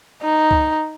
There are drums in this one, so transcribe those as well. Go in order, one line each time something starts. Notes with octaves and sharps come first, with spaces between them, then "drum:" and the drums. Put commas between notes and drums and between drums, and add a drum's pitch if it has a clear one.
D#4
drum: kick C#2